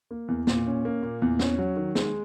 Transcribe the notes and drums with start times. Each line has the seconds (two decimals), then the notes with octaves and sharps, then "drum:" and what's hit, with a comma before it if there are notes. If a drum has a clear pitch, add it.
0.11 A#3
0.28 E2
0.47 A#2, drum: snare
0.67 C#4
0.85 A#3
1.03 A#2
1.22 E2
1.39 C#4, drum: snare
1.58 F#3
1.76 D#3
1.95 G#3, drum: snare